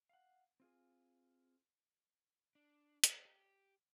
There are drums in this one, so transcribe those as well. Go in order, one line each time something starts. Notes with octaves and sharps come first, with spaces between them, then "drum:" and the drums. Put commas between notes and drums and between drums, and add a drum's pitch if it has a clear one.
F5 F#5
C4 F4 G#4
D4
drum: hi-hat
G4